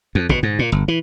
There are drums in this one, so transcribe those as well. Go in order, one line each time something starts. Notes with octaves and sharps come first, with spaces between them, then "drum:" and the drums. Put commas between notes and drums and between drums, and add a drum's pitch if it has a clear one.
F2
B2, drum: kick
G#2
A#2
G1
E3